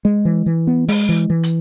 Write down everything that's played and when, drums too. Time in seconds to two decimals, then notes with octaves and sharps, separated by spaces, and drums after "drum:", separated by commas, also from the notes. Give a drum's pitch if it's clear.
0.05 G#3
0.25 E3
0.46 E3
0.67 B3
0.88 G#3, drum: open hi-hat
1.09 E3
1.30 E3
1.43 drum: hi-hat